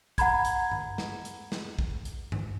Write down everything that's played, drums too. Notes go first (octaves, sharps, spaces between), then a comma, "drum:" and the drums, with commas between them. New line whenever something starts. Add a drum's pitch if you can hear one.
F#5 A#5 B5 G#6, drum: kick, hi-hat
drum: hi-hat
drum: tom G2
drum: snare
drum: hi-hat
drum: snare
drum: kick
drum: hi-hat
drum: tom G2